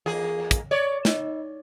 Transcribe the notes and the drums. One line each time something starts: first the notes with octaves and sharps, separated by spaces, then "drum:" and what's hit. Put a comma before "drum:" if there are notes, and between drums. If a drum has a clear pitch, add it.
E2 A#3 G#4
drum: kick, hi-hat
C#5 D5
D#4, drum: snare